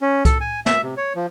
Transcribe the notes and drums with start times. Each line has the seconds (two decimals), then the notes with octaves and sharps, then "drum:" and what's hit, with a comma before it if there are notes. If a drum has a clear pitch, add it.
0.01 C#4
0.25 A4, drum: kick C2, hi-hat
0.41 G#5
0.66 E5, drum: snare
0.83 C3
0.97 C#5
1.15 F3